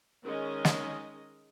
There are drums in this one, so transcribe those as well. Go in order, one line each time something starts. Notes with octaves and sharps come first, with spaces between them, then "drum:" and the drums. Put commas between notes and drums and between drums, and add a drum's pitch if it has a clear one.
D#3 G#3 C#4 D#5
drum: snare